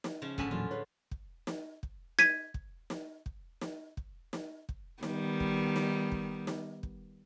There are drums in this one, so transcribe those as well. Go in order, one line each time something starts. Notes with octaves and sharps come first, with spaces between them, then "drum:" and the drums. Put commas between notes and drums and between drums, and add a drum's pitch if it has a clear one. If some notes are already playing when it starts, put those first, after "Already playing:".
drum: snare
C#3 F3
A2 D3 C#4 G#5 A5 B5, drum: kick
E2 A#2 F#3 F4
G#4 B4 C#5
drum: kick
drum: snare
drum: kick
G#6 B6 D#7, drum: snare
drum: kick
drum: snare
drum: kick
drum: snare
drum: kick
drum: snare
drum: kick
D#3 G3 B3, drum: snare
drum: kick
drum: snare
drum: kick
drum: snare
drum: kick